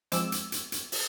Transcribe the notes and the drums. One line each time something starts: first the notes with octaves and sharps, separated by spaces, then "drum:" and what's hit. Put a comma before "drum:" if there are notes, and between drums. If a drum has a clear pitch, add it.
F3 G#3 C4 D6 E6, drum: hi-hat
drum: hi-hat
drum: hi-hat
drum: hi-hat
drum: open hi-hat